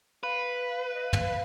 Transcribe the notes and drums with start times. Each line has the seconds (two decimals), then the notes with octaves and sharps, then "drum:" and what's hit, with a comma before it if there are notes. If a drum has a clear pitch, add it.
0.23 B4 F5
0.94 D#5
1.03 F5
1.13 drum: tom